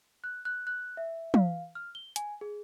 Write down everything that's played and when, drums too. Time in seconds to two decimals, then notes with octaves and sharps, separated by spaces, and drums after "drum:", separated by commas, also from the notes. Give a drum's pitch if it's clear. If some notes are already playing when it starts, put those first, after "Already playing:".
0.24 F#6
0.45 F#6
0.67 F#6
0.97 E5
1.34 F5, drum: tom
1.75 F6
1.95 G7
2.16 G#5, drum: hi-hat
2.41 G#4